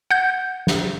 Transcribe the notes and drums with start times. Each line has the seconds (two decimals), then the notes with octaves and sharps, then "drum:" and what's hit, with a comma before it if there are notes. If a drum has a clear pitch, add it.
0.11 F#5 G6
0.67 drum: snare